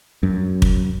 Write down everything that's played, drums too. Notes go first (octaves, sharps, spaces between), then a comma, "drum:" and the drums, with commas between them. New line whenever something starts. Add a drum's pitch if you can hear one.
F#2
drum: kick